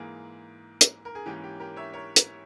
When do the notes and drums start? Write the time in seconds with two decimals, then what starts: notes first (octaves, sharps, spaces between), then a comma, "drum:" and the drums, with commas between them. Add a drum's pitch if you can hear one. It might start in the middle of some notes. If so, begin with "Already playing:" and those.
Already playing: G#2 E3 A#3 G#4
0.81 drum: hi-hat
1.05 A#4
1.15 G#4
1.26 G#2 E3 A#3 C#4 G4
1.44 G4
1.60 G4 A#4
1.77 C#5 E5
1.94 A#4 C#5
2.16 drum: hi-hat